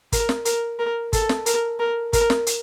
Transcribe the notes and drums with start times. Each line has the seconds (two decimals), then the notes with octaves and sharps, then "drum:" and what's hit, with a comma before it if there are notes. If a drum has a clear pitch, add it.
0.12 A#4, drum: kick, hi-hat
0.29 drum: snare
0.45 A#4, drum: hi-hat
0.79 A#4
1.13 A4, drum: kick, hi-hat
1.29 drum: snare
1.46 A#4, drum: hi-hat
1.79 A#4
2.13 A#4, drum: kick, hi-hat
2.30 drum: snare
2.47 drum: hi-hat